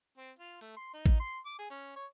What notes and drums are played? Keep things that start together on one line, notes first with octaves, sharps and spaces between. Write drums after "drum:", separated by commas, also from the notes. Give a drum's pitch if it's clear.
C4
F4
A3, drum: hi-hat
C6
D#4
drum: kick A1, hi-hat
C6
D6
G#4
C#4, drum: open hi-hat
C#5